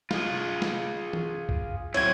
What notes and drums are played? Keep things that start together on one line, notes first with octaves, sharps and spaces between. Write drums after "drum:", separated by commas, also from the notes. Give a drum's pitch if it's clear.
F4 G#4, drum: snare
drum: snare
drum: tom E3
drum: kick
F#3 C4 E4 C#5 G#6, drum: cymbal